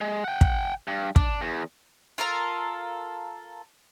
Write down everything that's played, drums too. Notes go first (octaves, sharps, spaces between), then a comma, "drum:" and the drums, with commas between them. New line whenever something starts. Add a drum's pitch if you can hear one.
G#3
F#5 G5
drum: kick
G2
D4, drum: kick
E2
F4 A4 A#4 F5